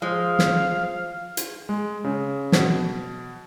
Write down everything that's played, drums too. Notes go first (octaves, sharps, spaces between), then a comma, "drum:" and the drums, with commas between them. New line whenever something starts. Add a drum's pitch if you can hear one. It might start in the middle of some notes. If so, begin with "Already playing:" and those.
F3 G#3 F5
drum: snare
drum: hi-hat
G#3
C#3
B2, drum: snare